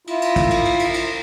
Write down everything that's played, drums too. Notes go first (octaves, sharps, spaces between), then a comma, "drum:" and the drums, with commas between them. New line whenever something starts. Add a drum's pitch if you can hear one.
E4 F4, drum: cymbal
drum: cymbal
drum: kick, cymbal
drum: cymbal
drum: cymbal
drum: cymbal
drum: cymbal